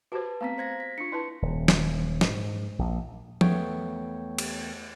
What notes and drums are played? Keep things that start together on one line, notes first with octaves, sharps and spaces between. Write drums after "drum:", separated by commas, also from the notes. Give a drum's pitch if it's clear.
F#4 G4 B4 C5 A5
A3 B3 C4 F5 A#5 B6
C5 G#6 A#6
B6
D4 F4 C#7
E4 B4 A5
D#1
drum: snare
G#2, drum: snare
A#1
E2 A3 B3 C#5 G5, drum: tom F3
drum: cymbal